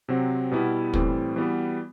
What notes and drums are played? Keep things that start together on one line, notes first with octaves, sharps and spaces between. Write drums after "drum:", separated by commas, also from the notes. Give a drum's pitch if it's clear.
C3 F#3 C4 F#4
B2 G3 B3 E4 G4
A2 E3 G3 C4, drum: kick
E3 G3 B3 F#4